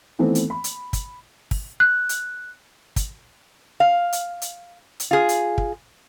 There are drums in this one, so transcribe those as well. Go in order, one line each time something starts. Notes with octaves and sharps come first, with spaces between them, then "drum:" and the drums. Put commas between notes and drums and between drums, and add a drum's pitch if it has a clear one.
D#3 E3 A3 B3 C4
drum: hi-hat
B5
drum: hi-hat
drum: kick, hi-hat
drum: kick, open hi-hat
F#6
drum: hi-hat
drum: kick, hi-hat
F5
drum: hi-hat
drum: hi-hat
drum: hi-hat
F4 G#4
drum: hi-hat
drum: kick